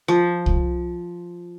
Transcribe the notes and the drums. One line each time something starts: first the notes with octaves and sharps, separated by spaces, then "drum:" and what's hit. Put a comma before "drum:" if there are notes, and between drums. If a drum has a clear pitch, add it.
F3
drum: kick C2